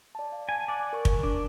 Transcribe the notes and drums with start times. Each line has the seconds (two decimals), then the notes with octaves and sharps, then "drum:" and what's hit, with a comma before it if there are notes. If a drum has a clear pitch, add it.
0.15 D5 A5
0.32 F5
0.49 G#5
0.68 D5 F#5 G#5
0.93 A#4 C#6
1.05 drum: kick
1.23 D4